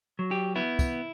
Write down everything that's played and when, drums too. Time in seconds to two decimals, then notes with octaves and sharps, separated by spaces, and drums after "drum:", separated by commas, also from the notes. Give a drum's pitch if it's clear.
0.19 F#3
0.31 G4
0.55 B3 E4
0.79 drum: kick, tambourine